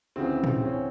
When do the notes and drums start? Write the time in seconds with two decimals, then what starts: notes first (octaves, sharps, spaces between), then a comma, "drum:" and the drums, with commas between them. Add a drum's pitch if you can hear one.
0.16 D2 C#3 E3 C4
0.44 drum: tom
0.58 C4
0.65 C#4